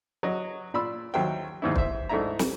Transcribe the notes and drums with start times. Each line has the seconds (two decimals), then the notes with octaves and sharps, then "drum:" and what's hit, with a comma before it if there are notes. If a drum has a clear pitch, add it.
0.23 F#3 D#5
0.74 A#2 D5 B5 C6 E6
1.14 D#2 F#3 C5 E5 G5
1.62 D#2 G#2 E4
1.76 C5 E5, drum: kick
2.09 G#2 A3 D4 E4 E5 A#5
2.39 drum: snare